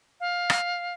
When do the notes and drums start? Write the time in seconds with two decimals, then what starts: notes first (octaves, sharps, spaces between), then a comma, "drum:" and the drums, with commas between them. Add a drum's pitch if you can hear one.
0.20 F5
0.50 drum: rim click